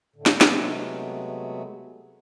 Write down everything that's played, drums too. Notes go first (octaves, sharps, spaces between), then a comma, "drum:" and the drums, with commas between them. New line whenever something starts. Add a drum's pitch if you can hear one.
A2 D3
drum: snare
C3 F#3 G#3 A3 B3, drum: snare